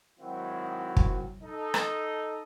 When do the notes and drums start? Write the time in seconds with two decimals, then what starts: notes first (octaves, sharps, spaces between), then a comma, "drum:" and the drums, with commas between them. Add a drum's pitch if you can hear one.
0.19 G#2 D#3 F#3 C4 E4 F#4
0.97 drum: kick
1.43 D#4 A4
1.74 drum: rim click